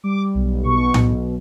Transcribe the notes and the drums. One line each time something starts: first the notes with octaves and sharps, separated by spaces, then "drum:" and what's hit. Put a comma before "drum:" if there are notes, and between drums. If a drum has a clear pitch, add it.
G3 D6
B1
B2 C#6
B1, drum: tom A2